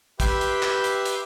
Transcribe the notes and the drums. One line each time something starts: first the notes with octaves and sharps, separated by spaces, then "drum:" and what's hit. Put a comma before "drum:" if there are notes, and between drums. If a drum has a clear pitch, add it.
G4 B4 E5 G5 C6 G6, drum: kick, hi-hat
drum: hi-hat
drum: clap
drum: hi-hat
drum: hi-hat